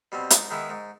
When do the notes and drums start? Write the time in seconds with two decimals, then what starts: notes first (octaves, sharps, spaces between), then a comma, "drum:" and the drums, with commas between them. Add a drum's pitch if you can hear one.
0.12 B2 G3 C4
0.30 G#2, drum: hi-hat
0.50 D#3 G#3 B3 E4
0.70 G#2